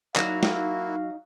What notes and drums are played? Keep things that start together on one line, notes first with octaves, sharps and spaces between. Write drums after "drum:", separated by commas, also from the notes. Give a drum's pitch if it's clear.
F#3 A#3 D#4 E4 F#4 F5, drum: clap
drum: snare